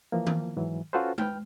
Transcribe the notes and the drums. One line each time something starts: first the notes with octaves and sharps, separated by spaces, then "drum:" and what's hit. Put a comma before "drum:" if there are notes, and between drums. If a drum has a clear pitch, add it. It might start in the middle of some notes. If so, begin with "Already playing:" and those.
E3 F3 A#3
drum: tom D#3
G#2 E3 F#3
C#4 F4 F#4 A4 B4 C5
B4 G5 F6, drum: tom G#3